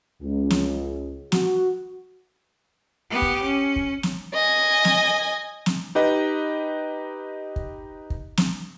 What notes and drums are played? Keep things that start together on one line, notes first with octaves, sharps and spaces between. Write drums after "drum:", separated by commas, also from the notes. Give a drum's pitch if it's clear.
C#2
drum: snare
F#4, drum: snare
B3 G4
drum: kick
C#4
drum: kick
drum: snare
D#5 G#5
drum: snare
drum: snare
D#4 G4 B4 D#5
drum: kick
drum: kick
drum: snare